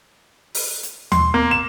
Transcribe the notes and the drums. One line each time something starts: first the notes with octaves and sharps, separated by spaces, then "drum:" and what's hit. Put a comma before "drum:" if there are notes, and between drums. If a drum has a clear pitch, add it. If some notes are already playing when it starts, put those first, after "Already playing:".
drum: open hi-hat
drum: hi-hat
C6, drum: tom D#2
A#3
E7